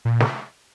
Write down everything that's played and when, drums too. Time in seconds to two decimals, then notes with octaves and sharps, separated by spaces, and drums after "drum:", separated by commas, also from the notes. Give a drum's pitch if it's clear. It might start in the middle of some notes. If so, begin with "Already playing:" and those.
0.05 A#2
0.20 drum: snare